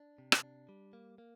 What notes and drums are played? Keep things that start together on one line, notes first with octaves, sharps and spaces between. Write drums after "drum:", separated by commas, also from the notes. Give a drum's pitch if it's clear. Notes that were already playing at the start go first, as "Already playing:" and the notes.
Already playing: D4
C3
drum: rim click
D4
G3
A#3
A#3